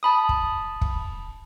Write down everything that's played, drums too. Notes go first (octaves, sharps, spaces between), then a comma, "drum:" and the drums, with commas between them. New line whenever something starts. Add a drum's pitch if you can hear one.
A5 B5 D#6
drum: kick
drum: kick